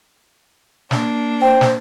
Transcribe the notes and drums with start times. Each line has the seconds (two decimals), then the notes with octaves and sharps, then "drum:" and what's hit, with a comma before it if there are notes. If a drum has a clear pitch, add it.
0.91 A#3 D4, drum: snare
1.41 C5 G5
1.61 drum: snare